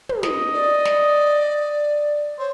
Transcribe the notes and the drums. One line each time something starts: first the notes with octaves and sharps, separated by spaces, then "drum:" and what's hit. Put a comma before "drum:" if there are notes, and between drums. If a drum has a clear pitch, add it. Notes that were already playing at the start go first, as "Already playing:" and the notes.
drum: tom
D#5, drum: snare
D5
drum: snare
C5 C#5